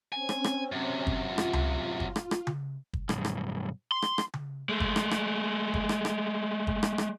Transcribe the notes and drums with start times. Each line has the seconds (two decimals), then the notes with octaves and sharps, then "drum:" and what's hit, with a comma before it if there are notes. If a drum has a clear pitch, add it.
0.13 C4 C#4 G#5
0.29 drum: rim click
0.44 drum: rim click
0.72 F#2 C3
1.07 drum: kick
1.19 F4
1.38 drum: rim click
1.53 drum: tom C#2
2.00 drum: kick
2.16 drum: rim click
2.31 drum: rim click
2.47 drum: tom C#3
2.93 drum: kick
3.09 B1 G2, drum: rim click
3.25 drum: rim click
3.92 C6
4.02 drum: rim click
4.18 drum: rim click
4.34 drum: tom C#3
4.69 G#3 A3
4.80 drum: kick
4.96 drum: rim click
5.11 drum: rim click
5.74 drum: kick
5.89 drum: rim click
6.05 drum: rim click
6.67 drum: kick
6.83 drum: rim click
6.98 drum: rim click